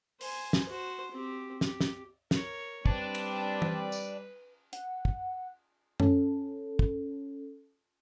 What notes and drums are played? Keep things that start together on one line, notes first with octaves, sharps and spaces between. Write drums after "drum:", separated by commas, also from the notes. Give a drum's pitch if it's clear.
C5 G#5, drum: open hi-hat
drum: snare
F#4 C5
C4 G4
G4, drum: snare
drum: snare
A#4 C#5, drum: snare
G3 C4 B4 D5 A5, drum: kick
drum: cymbal
drum: tom E3
drum: tambourine
F#5, drum: hi-hat
drum: kick
C#4 A4, drum: tom
drum: kick